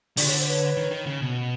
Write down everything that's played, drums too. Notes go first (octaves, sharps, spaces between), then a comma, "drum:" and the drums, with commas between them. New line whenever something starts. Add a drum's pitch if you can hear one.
D3 D5, drum: open hi-hat
C#5
C5
B4 C#5
D#3
D#3
C#3
B2